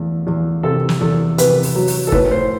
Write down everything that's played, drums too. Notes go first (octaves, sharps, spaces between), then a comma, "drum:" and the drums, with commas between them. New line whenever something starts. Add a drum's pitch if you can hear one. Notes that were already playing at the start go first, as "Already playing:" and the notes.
Already playing: E2 A3
E2
C3 A4
drum: snare
E2 A4
C3 B4, drum: hi-hat
drum: open hi-hat
F#3
drum: open hi-hat
A4
A2 B4, drum: kick G1
C5